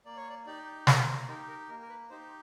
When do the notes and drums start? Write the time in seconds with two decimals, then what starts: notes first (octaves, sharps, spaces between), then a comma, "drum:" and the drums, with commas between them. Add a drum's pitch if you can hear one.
0.05 A#3 D5
0.17 C#5
0.30 D5
0.46 D#4 G4 D5
0.87 A#3 A#4, drum: snare
1.08 C5
1.28 D#4 G4 A#4
1.49 A#4
1.69 A#3 A#4
1.82 A#4
1.89 B4
2.10 D#4 G4 C5